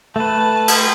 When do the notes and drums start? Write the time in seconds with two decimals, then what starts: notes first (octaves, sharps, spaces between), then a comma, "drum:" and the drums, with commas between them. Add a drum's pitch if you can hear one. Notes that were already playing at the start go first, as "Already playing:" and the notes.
0.16 A3 B4 A5
0.68 drum: cymbal